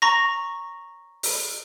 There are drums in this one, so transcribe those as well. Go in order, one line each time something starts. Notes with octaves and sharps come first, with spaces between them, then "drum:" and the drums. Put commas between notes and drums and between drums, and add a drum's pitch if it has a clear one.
A#5 C#6 A#6
drum: open hi-hat